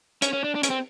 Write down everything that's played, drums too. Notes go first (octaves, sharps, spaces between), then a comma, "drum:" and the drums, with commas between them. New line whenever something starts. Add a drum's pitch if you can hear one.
C#4, drum: hi-hat
C#4
D4
D4
C#4, drum: hi-hat
C4